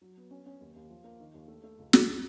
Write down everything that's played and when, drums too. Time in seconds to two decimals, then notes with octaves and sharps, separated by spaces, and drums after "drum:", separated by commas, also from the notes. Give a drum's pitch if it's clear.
0.01 F#3
0.17 B3
0.31 C#4
0.46 C#4
0.60 D#2
0.76 D#2
0.90 F3
1.04 A#3
1.20 D#3
1.34 D#2
1.48 A3
1.64 A3
1.78 C#2
1.93 A3, drum: snare
2.07 F#3